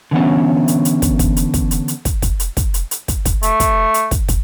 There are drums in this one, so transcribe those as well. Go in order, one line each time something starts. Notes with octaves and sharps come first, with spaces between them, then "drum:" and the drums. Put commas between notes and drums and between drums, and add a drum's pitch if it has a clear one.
D3 E3 B3 C#4
drum: hi-hat
drum: hi-hat
drum: kick, hi-hat
drum: kick, hi-hat
drum: hi-hat
drum: kick, hi-hat
drum: hi-hat
drum: hi-hat
drum: kick, hi-hat
drum: kick, hi-hat
drum: hi-hat
drum: kick, hi-hat
drum: hi-hat
drum: hi-hat
drum: kick, hi-hat
drum: kick, hi-hat
A3, drum: hi-hat
drum: kick, hi-hat
drum: hi-hat
drum: kick, hi-hat
drum: kick, hi-hat